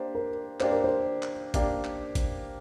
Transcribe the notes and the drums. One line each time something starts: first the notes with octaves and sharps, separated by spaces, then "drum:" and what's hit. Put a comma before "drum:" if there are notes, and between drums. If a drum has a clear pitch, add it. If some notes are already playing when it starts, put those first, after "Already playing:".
Already playing: A#3 D4 G4 C5 D5
A#4
A#3 D4 G4 C5 D5, drum: clap
A#4
C5
drum: clap
A#3 D4 G4 D5, drum: kick A1, hi-hat
drum: clap
drum: kick A1, hi-hat